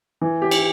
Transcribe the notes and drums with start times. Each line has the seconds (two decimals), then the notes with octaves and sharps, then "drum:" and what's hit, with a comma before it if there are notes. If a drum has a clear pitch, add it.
0.21 E3
0.42 G4
0.51 drum: cymbal